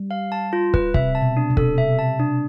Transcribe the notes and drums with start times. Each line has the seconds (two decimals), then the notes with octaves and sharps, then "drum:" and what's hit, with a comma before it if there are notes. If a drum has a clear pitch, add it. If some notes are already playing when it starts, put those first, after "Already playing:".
Already playing: G3
0.11 F5
0.32 A5
0.53 F4
0.74 B4, drum: kick
0.94 C3 E5, drum: kick
1.15 A5
1.22 B2
1.37 D4
1.50 C3
1.57 A4, drum: kick
1.78 C3 E5
1.99 A5
2.19 C3 D4